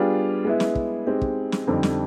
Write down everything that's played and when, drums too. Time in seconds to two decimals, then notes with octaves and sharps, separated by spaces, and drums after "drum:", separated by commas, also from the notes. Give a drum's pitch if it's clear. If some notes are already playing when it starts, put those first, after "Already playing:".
Already playing: G3 B3 D4 F4 G#4
0.45 G#3 B3 E4
0.60 drum: snare
0.75 drum: kick
1.06 G#3 C4 D#4 G4
1.22 drum: kick
1.52 drum: snare
1.67 F2 D3 G3 C4 D#4
1.83 drum: snare